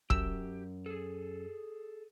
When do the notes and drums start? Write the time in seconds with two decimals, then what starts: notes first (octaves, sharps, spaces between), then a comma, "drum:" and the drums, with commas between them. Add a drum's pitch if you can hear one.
0.10 F#2 G4 E6, drum: kick
0.86 G#4 A4